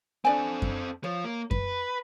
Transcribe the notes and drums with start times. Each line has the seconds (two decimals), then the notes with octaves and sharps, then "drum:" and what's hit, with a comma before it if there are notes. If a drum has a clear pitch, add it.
0.25 C4 D4 A4 D5 G#5
0.62 drum: kick F#2
1.04 F3 C#5
1.24 A#3
1.51 B4, drum: kick F#2